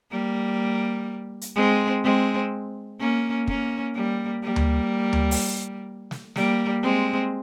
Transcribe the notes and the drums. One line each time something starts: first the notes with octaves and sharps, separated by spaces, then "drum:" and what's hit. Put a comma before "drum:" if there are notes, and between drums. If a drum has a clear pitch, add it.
G3 A#3
drum: hi-hat
G#3 C4
G#3 C4
A#3 C#4
A#3 C#4, drum: kick
G3 A#3
G3 A#3
drum: tom D2
drum: tom D2
drum: open hi-hat
drum: snare
G3 A#3, drum: snare
G#3 C4